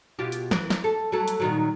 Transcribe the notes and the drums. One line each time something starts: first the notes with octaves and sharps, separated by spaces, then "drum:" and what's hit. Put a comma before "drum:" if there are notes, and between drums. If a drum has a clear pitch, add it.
B2 F4 G4
drum: hi-hat
E3 A#4, drum: snare
drum: snare
A4
F#3 A3 A4
drum: hi-hat
A#2 D#3 F#3